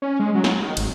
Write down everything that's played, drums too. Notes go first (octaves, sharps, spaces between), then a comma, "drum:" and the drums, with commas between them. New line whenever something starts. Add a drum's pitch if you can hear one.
C#4
G#3
F#3
drum: snare
D#3
G#1, drum: cymbal